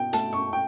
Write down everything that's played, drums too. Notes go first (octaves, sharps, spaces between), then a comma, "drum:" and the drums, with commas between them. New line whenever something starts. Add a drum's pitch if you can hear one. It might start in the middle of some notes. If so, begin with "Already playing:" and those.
Already playing: B2 G5
A3 A5, drum: hi-hat
C#6
G5